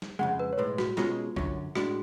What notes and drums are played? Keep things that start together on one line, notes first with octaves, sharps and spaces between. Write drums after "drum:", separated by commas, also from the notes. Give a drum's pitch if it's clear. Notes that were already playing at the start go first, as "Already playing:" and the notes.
drum: snare
F2 C#3 G#3 F#5
B4
C#5
B1 A2 G#3 B4
F#4, drum: snare
B2 G#3 C#4 F4, drum: snare
F#2 D3 F#3 C#4, drum: kick
A2 G#3 D4 F#4, drum: rim click